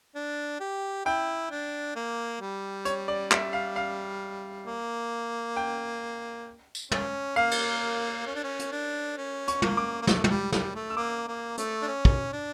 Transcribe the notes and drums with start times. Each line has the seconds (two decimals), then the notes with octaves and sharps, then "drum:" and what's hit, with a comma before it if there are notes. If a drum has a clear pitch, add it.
0.15 D4
0.60 G4
1.05 E4 G5
1.50 D4
1.96 A#3
2.41 G3
2.85 C#5, drum: hi-hat
3.08 D5
3.31 E5, drum: clap
3.53 F5
3.76 F5
4.66 A#3
5.57 G5
6.75 drum: tambourine
6.92 C#4, drum: tom
7.36 A#3 F5
7.51 drum: cymbal
8.27 C#4
8.35 D4
8.44 C#4
8.59 drum: hi-hat
8.72 D4
9.17 C#4
9.48 C#6, drum: hi-hat
9.62 A#3, drum: tom
9.77 D6
10.02 A#3
10.07 A3, drum: snare
10.24 A3, drum: tom
10.30 G3
10.52 G3, drum: snare
10.75 A3
10.90 E6
10.97 A#3 D6
11.28 A#3
11.58 A3, drum: hi-hat
11.82 D4
11.87 C#4
12.05 drum: kick
12.33 D4